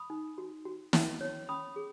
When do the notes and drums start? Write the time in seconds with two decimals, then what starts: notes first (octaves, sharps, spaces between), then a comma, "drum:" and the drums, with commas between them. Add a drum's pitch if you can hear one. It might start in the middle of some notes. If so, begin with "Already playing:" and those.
Already playing: B5 D#6
0.10 D#4
0.38 F#4
0.65 F#4
0.93 C#4, drum: snare
1.21 C#5
1.49 C#4 B5 D#6
1.76 G#4